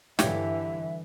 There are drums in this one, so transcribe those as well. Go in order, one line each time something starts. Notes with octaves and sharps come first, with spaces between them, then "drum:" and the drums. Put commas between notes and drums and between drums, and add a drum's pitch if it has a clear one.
G2 D3 E3 G4 C#5 E5 F5, drum: snare